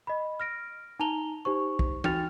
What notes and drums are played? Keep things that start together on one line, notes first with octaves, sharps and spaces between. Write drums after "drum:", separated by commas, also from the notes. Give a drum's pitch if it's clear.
D#5 B5
F6 A#6 D7
D#4 A5 A#5 F7 G7
D#4 G4 C5 C#6
drum: kick
D#4 F#4 G5 F6 A6 F7, drum: tom